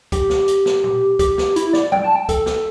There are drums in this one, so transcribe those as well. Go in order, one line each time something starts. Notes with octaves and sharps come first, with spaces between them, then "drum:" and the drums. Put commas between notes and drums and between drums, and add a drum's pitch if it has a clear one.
G4, drum: kick, hi-hat
drum: snare
drum: hi-hat
drum: snare
drum: tom
G4, drum: kick, hi-hat
drum: snare
E4, drum: hi-hat
D5, drum: snare
G5, drum: tom F#3
A5
G5
A4, drum: kick, hi-hat
drum: snare